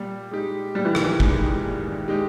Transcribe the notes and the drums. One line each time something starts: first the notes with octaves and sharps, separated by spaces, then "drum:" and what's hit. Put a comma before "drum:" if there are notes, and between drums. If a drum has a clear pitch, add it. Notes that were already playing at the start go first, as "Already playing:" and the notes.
Already playing: A#2 G3
G#3 D#4 G4
A#2 G3
E3
D#3, drum: rim click
E3
G#3 D#4 G4, drum: kick
A#2
G#3 D#4 G4